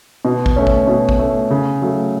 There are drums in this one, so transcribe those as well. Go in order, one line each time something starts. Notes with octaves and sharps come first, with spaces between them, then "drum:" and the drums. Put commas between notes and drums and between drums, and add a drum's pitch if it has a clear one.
B2
drum: kick
A3 C#4
drum: kick
B2
drum: kick
A3 C#4
C#3
F#3 A3